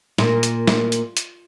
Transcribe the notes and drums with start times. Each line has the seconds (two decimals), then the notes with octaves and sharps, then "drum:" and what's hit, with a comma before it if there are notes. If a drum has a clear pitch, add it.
0.18 A#2, drum: snare
0.43 drum: hi-hat
0.68 drum: snare
0.92 drum: hi-hat
1.17 drum: hi-hat